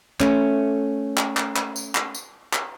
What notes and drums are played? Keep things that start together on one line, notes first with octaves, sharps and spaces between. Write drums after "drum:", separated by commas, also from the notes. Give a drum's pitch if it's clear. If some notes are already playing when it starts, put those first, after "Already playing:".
A3 C#4, drum: clap
drum: clap
drum: clap
drum: clap
drum: tambourine
drum: clap
drum: tambourine
drum: clap